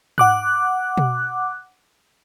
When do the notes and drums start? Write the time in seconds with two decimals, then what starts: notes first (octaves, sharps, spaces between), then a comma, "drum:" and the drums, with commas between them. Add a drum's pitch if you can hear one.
0.18 F#5 D6 F#6, drum: tom G#2
0.98 drum: tom B2